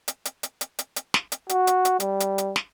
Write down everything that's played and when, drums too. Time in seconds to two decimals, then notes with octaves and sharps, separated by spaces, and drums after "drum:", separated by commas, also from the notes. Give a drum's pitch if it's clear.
0.08 drum: hi-hat
0.25 drum: hi-hat
0.43 drum: hi-hat
0.61 drum: hi-hat
0.79 drum: hi-hat
0.96 drum: hi-hat
1.14 drum: snare
1.32 drum: hi-hat
1.49 F#4, drum: hi-hat
1.67 drum: hi-hat
1.85 drum: hi-hat
2.00 G3, drum: hi-hat
2.20 drum: hi-hat
2.38 drum: hi-hat
2.56 drum: snare